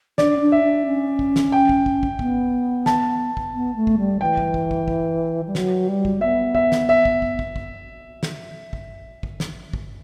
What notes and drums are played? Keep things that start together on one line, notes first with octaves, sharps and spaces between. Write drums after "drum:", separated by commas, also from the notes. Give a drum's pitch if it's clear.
D4 D5, drum: snare
C#4
D4
E5
D4
C#4
drum: kick
drum: snare
G5
drum: kick
drum: kick
drum: kick
B3, drum: kick
A5, drum: snare
drum: kick
B3
A3
drum: kick
G3
E3 G5
drum: kick
drum: kick
drum: kick
drum: kick
G3
F#3, drum: snare
G3
drum: kick
B3 E5
E5, drum: kick
drum: snare
E5
drum: kick
drum: kick
drum: kick
drum: kick
drum: snare
drum: kick
drum: kick
drum: snare
drum: kick